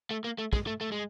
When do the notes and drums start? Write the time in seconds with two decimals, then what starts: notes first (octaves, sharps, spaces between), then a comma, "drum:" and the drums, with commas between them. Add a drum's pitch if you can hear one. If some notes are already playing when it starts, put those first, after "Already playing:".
0.11 A3
0.24 A#3
0.38 A3
0.53 G#3, drum: kick
0.67 A3
0.81 A3
0.92 G#3